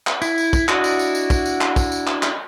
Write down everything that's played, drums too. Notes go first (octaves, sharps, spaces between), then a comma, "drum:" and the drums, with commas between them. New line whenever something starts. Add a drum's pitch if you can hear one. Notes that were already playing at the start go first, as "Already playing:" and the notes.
drum: clap
E4, drum: tambourine
drum: tambourine
drum: kick, tambourine
D4 E4 F#4 D#5, drum: clap
drum: tambourine
drum: tambourine
drum: tambourine
drum: kick, tambourine
drum: tambourine
drum: clap
drum: kick, tambourine
drum: tambourine
drum: clap
drum: clap